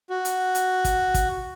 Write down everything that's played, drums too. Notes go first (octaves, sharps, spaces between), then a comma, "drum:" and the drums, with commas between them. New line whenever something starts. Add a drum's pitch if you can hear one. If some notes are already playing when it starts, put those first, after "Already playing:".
F#4
drum: hi-hat
drum: hi-hat
drum: kick, hi-hat
drum: kick, hi-hat